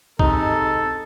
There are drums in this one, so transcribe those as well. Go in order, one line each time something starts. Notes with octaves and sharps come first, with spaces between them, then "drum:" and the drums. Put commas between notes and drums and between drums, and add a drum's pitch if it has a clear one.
C3 G#3 D#4 A4, drum: kick